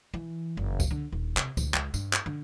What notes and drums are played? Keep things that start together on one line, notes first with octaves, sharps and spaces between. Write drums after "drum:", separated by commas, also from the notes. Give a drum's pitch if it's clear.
E3
F#1
drum: kick C#2, tambourine
D3
D#1
C3, drum: clap
D2, drum: kick C#2, tambourine
C#2, drum: clap
G2, drum: tambourine
drum: clap
D3